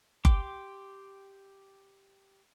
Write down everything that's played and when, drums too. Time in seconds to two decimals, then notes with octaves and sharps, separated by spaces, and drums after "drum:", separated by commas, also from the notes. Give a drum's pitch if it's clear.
0.25 G4 G5 C6 D6, drum: kick F#1